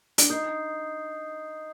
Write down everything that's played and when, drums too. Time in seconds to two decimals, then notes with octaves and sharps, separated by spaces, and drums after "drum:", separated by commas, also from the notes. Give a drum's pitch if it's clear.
0.18 D4, drum: hi-hat
0.30 D#4 D#6 G6 C7